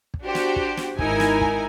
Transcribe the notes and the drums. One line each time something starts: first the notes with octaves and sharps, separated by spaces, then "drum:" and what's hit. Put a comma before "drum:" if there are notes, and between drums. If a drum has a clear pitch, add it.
drum: kick
D4 F#4 G4 C5
drum: snare
drum: kick
drum: snare
G#1 D#4 E4 A#4 G#5, drum: kick
drum: snare
drum: kick